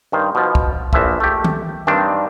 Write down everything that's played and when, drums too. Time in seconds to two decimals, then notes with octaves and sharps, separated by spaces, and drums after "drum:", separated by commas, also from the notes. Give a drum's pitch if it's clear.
0.12 G2 D#3 C5
0.35 B2 F3
0.55 drum: kick
0.93 A#1 E3 F3 E5, drum: kick
1.20 A3 G4
1.44 drum: tom D#3
1.87 G2 D#3 C4 D4